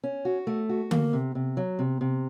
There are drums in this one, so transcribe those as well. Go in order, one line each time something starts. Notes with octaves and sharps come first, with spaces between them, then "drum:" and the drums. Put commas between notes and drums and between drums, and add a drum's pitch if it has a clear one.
C#4
F#4
A3
F#4
A#3, drum: tom D3
C3
C3
F#3
C3
C3